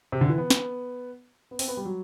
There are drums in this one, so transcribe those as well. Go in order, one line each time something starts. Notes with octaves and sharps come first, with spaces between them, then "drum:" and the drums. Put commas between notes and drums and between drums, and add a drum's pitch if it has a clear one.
C3
D3
E3
B3
drum: snare
B3
C4, drum: open hi-hat
B3
G3
F#3